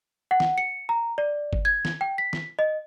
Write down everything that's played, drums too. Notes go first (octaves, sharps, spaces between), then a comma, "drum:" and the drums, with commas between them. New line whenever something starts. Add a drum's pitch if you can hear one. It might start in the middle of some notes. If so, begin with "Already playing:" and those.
F#5
drum: snare
C#7
A#5
D5
drum: kick G1
G#6
drum: snare
G5
B6
drum: snare
D#5